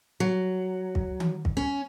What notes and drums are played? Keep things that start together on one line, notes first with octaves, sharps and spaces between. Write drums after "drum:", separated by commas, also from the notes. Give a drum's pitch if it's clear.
F#3
drum: kick
drum: tom D#3
drum: kick
C#4